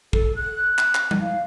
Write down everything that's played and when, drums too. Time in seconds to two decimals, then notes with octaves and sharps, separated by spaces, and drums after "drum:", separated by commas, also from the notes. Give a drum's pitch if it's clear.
0.13 A4, drum: kick
0.36 F#6
0.78 drum: clap
0.95 drum: clap
1.11 drum: tom G3
1.21 F5